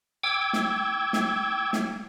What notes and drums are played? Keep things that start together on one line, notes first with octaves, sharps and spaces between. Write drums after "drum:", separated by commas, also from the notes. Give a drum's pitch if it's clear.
G5 D6 E6 G#6
drum: snare
drum: snare
drum: snare